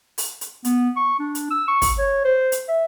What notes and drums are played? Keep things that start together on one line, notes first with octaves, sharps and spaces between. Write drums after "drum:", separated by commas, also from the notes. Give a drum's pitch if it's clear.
drum: open hi-hat
drum: hi-hat
B3, drum: hi-hat
C#6
D4
drum: hi-hat
E6
C#6
drum: kick, open hi-hat
C#5
C5
drum: hi-hat
E5